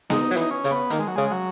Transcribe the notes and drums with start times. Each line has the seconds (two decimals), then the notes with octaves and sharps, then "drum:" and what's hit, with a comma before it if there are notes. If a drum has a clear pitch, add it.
0.10 G#3 D#4, drum: snare B3
0.31 F#3
0.36 E3, drum: hi-hat
0.41 D#4
0.51 C#4
0.64 C#3, drum: hi-hat
0.71 B3
0.90 D#3 A#3, drum: hi-hat
0.99 G#3
1.08 F#3
1.16 C#3 G#3
1.31 F#3